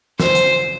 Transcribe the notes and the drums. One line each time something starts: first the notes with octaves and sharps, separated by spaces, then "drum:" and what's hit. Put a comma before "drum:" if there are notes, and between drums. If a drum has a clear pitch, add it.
C5, drum: snare
drum: hi-hat